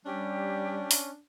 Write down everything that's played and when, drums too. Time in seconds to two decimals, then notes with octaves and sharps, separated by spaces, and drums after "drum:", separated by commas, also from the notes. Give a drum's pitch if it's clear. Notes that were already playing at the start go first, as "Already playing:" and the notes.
0.05 G3 C#4 D4 G4
0.91 drum: open hi-hat